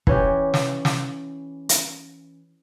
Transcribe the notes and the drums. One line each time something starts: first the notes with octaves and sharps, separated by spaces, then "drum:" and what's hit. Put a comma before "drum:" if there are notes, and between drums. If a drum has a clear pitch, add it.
E3 C#4 G4, drum: kick
drum: snare
drum: snare
drum: hi-hat